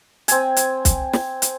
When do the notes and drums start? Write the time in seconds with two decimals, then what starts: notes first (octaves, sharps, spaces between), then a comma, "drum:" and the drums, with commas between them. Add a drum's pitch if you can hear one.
0.28 C4 G#5, drum: hi-hat
0.57 drum: hi-hat
0.85 drum: kick, hi-hat
1.13 drum: snare
1.42 drum: hi-hat